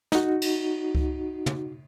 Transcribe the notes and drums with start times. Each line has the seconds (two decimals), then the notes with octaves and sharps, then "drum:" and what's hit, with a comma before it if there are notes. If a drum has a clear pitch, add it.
0.12 D#4 F#4, drum: snare
0.42 drum: cymbal
0.95 drum: kick C#2
1.46 drum: tom